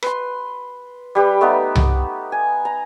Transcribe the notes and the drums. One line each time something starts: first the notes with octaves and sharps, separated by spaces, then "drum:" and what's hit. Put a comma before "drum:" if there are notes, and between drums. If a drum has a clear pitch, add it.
B4 C6, drum: rim click
G3 G4 B4
A3 B3 D#4
drum: tom C2
G#5
A#5